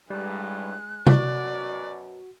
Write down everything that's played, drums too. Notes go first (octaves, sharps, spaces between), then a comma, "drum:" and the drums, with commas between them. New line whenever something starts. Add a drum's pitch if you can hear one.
A1 G2 G3 G#3 F#6
F#2 B2 F#4 D5, drum: tom C3